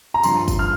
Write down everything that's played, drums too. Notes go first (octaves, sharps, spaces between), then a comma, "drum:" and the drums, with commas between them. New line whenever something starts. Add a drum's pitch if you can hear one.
A#5
G2 F3 C6, drum: tambourine
drum: kick, tambourine
F6